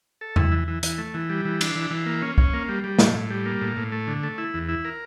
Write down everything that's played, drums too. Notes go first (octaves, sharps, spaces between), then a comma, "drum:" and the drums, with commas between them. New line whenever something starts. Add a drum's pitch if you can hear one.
A4
E4, drum: tom E2
E3
E3
E3, drum: hi-hat
A3
E3
G3
E3
D4, drum: cymbal
E3
E3
A#3
C#4
C#4, drum: kick
A#3
G3
G3
A2, drum: snare
A2
G3
A#3
A2
A2
A3
D3
A3
E4
E2
E4
A#4